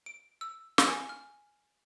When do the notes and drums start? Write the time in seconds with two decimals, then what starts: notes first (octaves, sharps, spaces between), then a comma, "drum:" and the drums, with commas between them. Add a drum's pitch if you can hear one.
0.06 D7
0.41 E6
0.78 drum: snare
0.87 G#5
1.09 F6